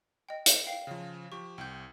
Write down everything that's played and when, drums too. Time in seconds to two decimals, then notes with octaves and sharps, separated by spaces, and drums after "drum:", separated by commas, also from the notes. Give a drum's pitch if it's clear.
0.29 D#5 G5
0.46 drum: hi-hat
0.67 F5 G5 C7
0.87 C#3 F3
1.32 F3 G4 C#6
1.58 C2 G5 G6